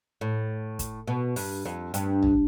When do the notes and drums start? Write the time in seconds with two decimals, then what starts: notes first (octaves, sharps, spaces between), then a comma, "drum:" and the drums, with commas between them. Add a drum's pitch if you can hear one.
0.21 A2
0.79 drum: kick, hi-hat
1.08 B2
1.36 G2, drum: open hi-hat
1.65 F2
1.94 G2, drum: hi-hat
2.23 drum: tom